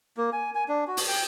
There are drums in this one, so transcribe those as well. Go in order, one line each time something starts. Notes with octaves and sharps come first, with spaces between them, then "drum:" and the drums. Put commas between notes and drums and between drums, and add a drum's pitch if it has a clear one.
A#3
G#5
G#5
D4
F#4
drum: open hi-hat
G5